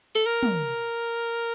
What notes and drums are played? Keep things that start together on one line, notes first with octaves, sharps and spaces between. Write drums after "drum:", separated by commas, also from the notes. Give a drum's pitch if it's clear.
A4, drum: cymbal
A#4
drum: tom